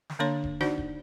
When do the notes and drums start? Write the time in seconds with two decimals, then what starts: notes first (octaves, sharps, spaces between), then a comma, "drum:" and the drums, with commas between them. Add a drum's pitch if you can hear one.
0.10 drum: snare
0.19 D3 A#3 D4 C#5 C6
0.44 drum: kick D#1
0.61 D4 D#4 F#4 C5 D5 F#5, drum: snare
0.78 drum: kick D#1